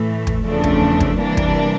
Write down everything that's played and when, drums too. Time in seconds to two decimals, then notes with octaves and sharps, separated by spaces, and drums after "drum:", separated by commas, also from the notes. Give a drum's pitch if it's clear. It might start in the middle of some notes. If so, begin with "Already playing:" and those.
Already playing: A2 E3 A3
0.27 drum: kick
0.45 E2 C#3 F3 A3 D4
0.64 drum: kick
1.00 drum: kick
1.19 C3 E3 G3 A#3 D4
1.37 drum: kick